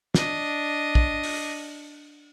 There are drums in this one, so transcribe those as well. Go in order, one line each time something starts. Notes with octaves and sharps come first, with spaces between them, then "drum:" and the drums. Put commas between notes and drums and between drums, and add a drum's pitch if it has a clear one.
D4 D#5, drum: snare
drum: kick
drum: open hi-hat